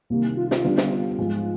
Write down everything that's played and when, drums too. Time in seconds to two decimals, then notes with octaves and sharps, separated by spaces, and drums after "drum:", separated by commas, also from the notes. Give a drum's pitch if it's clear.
0.10 C2 C3 D#3 A#3
0.37 F4
0.51 F4, drum: snare
0.64 D3 G3 B3 D4
0.78 drum: snare
1.17 G#2 F3 G#3